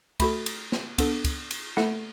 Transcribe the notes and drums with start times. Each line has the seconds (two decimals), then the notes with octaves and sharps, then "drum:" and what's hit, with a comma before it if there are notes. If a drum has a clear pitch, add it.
0.20 A3 F#4 A4 B5, drum: kick, cymbal
0.46 drum: cymbal
0.72 drum: snare
0.98 B3 D4 A4, drum: kick, cymbal
1.24 drum: kick, cymbal
1.51 drum: cymbal
1.77 A3 E4 A4 F#5, drum: snare